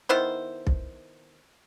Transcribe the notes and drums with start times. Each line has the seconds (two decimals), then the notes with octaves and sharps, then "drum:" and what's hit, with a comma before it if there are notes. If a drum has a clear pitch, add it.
0.09 D#3 B3 E4 C5
0.67 drum: kick B1